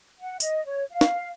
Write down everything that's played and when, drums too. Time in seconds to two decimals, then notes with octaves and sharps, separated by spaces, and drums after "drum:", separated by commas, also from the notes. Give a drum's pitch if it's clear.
0.19 F#5
0.40 D#5, drum: tambourine
0.65 C#5
0.91 F5
1.01 drum: snare